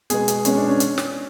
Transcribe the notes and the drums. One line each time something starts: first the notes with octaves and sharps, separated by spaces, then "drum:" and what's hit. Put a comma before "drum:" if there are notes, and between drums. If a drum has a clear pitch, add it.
B2 G#3 B3 G#4, drum: hi-hat
drum: hi-hat
B2 G#3 B3 C#4, drum: hi-hat
D4
C#4
drum: hi-hat
drum: snare